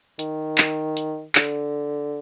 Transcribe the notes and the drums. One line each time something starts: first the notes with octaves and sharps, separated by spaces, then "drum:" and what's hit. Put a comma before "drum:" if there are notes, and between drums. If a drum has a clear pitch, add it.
D#3, drum: hi-hat
drum: clap
drum: hi-hat
D3, drum: clap